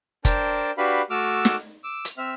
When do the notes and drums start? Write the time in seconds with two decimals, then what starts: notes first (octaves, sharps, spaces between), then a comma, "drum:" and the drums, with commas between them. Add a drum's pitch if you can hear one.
0.25 D4 A#4 C5 G5 A5, drum: kick, hi-hat
0.78 D4 F#4 G4 B4 F5 B5
1.10 A3 F#4 D6 E6 F6
1.45 drum: snare
1.84 D6 E6
2.05 drum: hi-hat
2.18 C4 E5 F6